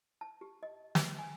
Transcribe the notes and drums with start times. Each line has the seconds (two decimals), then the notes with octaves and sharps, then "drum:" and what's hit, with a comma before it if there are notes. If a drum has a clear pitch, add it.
0.21 A5
0.41 G4
0.63 D#5
0.95 B4, drum: snare
1.19 G#5